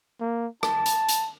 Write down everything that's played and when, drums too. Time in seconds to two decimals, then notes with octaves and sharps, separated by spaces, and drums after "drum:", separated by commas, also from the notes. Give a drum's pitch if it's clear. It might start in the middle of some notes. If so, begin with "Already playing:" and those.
0.21 A#3
0.63 A5, drum: rim click
0.86 drum: hi-hat
1.09 drum: hi-hat